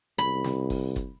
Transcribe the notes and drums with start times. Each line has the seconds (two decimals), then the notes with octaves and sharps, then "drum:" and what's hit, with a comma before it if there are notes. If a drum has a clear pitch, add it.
0.18 C2 B5, drum: hi-hat
0.44 drum: snare
0.70 drum: kick F#1, open hi-hat
0.96 drum: kick F#1, hi-hat